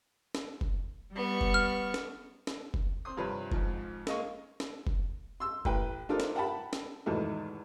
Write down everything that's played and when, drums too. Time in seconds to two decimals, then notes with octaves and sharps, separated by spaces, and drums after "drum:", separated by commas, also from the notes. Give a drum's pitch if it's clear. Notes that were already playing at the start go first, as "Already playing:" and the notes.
0.35 drum: snare
0.61 drum: kick F1
1.14 G3 B3 C#6
1.41 drum: kick F1
1.54 F6
1.94 drum: snare
2.47 drum: snare
2.74 drum: kick F1
3.05 C4 C6 D#6
3.17 G2 C3 F3 B4 C#5
3.52 F2 G#2 F3, drum: kick F1
4.07 G#3 A#3 D#5 F5 C#6, drum: snare
4.60 drum: snare
4.87 drum: kick F1
5.40 C6 E6
5.65 A1 B4 G5, drum: kick F1
6.09 D4 D#4 F4 A4 A#4 C5
6.20 drum: snare
6.35 A#4 F#5 G5 A5 B5
6.73 drum: snare
7.06 E2 G#2 B2 D#3 A3